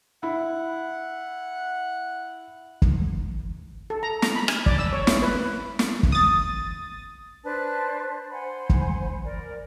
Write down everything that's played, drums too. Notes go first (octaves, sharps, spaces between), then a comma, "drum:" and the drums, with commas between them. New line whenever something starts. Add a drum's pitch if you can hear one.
E4 F#5
drum: kick
A4
A#5
A#5, drum: snare
B5
G#5, drum: rim click
D5, drum: kick
E6
C#5
E4, drum: snare
B4
drum: snare
drum: kick
D#6 A6
D4 B4 C5 A5
C5 F#5 G#5 B5
drum: kick
A#4 D5